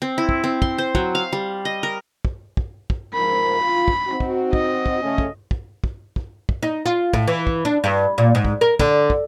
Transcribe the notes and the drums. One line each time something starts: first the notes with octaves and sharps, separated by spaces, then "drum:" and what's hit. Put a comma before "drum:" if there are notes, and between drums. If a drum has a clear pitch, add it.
C4
E4
drum: kick
C4
C6, drum: kick
C5
F#3, drum: kick
F5
G3
D#5
A#4
drum: kick
drum: kick
drum: kick
G#2 F3 A#4 B5
F4
drum: kick
C4 D#4 F#4
drum: kick
D#5, drum: kick
drum: kick
C#3 A3 C#4
drum: kick
drum: kick
drum: kick
drum: kick
drum: kick
D#4
F4
A2, drum: kick
E3
drum: kick
D4
G2
A#2
G#2
drum: kick
A#4
D3, drum: kick
drum: kick